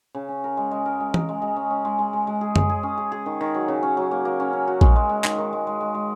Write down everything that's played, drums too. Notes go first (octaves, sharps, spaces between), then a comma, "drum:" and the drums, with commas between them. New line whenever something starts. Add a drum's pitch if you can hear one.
C#3
C#4
A#4
G#3
G#3
A#4
G#3
A#4, drum: tom E3
G#3
G#3
C#4
C#4
G#3
G#3
G#3
G#3
G#4
G#4, drum: tom F#2
G#4
C#4
G#4
G#4
D#3
D#3
F#3
C#3
C#4
F#3
A#3
A#3
C#4
C#4
F#4
G#3, drum: kick A#1
G#3
G#3
D#3, drum: clap
D#3
G#3
G#3
G#3
G#3